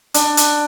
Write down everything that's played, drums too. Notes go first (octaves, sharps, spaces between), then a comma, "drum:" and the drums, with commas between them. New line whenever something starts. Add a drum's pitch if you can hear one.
D4, drum: hi-hat
drum: hi-hat